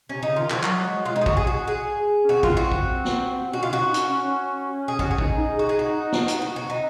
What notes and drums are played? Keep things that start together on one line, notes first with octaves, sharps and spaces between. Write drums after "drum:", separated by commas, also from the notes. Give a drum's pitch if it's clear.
C3 C#4
C#3 D#4
D#3 F4
F3 F#4, drum: clap
F#3, drum: clap
F#3
G#3
G#3 F4
D#4
G#4
F#4, drum: kick
G#4
F#4
G#4
C#4
C4 F#4
F4, drum: kick
C4
F#4
drum: kick
drum: snare
C#4 F#4
D#4 F4
F#4
D#4
C#4, drum: hi-hat
C#4
C#4
G#4
F#4, drum: kick
G#4
D#4, drum: kick
D#4
F#4
G#4
F#4
drum: snare
drum: hi-hat
D#4 F#4
F#4
C4
D#4